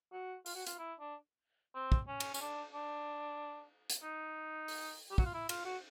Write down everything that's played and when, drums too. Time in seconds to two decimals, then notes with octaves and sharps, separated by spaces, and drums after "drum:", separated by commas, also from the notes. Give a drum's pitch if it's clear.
0.13 F#4
0.46 F4, drum: open hi-hat
0.55 F#4
0.67 F4, drum: hi-hat
0.79 E4
1.00 D4
1.75 C4
1.92 drum: kick
2.08 C#4
2.20 drum: cymbal
2.34 C#4, drum: tambourine
2.41 D4
2.73 D4
3.90 drum: hi-hat
4.03 D#4
4.68 drum: open hi-hat
5.11 G4
5.18 F#4, drum: kick
5.25 F4
5.34 E4
5.49 F4, drum: cymbal
5.65 F#4